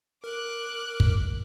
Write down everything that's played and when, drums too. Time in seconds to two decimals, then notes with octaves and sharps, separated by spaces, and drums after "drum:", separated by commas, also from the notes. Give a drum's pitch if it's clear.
0.24 A#4 D6 F#6
1.00 drum: kick